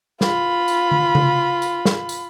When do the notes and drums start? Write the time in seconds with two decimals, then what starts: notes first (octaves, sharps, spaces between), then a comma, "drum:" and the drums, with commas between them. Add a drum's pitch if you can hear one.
0.21 F4 B5, drum: snare
0.68 drum: tambourine
0.91 drum: tom D3
1.15 drum: tom C#3
1.62 drum: tambourine
1.85 drum: snare
2.09 drum: tambourine